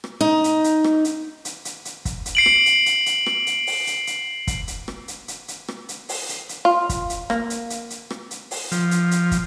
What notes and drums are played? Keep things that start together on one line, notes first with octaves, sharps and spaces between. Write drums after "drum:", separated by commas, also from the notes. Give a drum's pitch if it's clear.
drum: rim click
D#4
drum: hi-hat
drum: hi-hat
drum: rim click
drum: hi-hat
drum: hi-hat
drum: hi-hat
drum: hi-hat
drum: kick, hi-hat
drum: hi-hat
C7 D7 F#7
drum: rim click
drum: hi-hat
drum: hi-hat
drum: hi-hat
drum: rim click
drum: hi-hat
drum: open hi-hat
drum: hi-hat
drum: hi-hat
drum: kick, hi-hat
drum: hi-hat
drum: rim click
drum: hi-hat
drum: hi-hat
drum: hi-hat
drum: rim click
drum: hi-hat
drum: open hi-hat
drum: hi-hat
drum: hi-hat
F4
drum: kick, hi-hat
drum: hi-hat
A#3, drum: rim click
drum: hi-hat
drum: hi-hat
drum: hi-hat
drum: rim click
drum: hi-hat
drum: open hi-hat
F3, drum: hi-hat
drum: hi-hat
drum: hi-hat
drum: kick, hi-hat